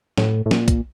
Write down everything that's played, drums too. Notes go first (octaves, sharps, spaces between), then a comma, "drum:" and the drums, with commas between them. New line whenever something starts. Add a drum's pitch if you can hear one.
A2, drum: snare
A2
A#2, drum: snare
drum: kick, hi-hat